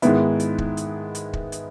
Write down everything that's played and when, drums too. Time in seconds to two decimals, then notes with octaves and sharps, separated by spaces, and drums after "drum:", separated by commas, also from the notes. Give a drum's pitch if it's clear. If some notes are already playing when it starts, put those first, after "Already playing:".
0.02 G#2 D#3 G#3 B3 E4, drum: hi-hat
0.40 drum: hi-hat
0.58 drum: kick
0.77 drum: hi-hat
1.15 drum: hi-hat
1.33 drum: kick
1.52 drum: hi-hat